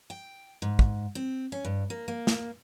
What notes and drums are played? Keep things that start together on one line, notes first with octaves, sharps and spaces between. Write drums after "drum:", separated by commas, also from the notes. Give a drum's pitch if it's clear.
G5
G#2
drum: kick
C4
C#4
G2
A#3
A#3
drum: snare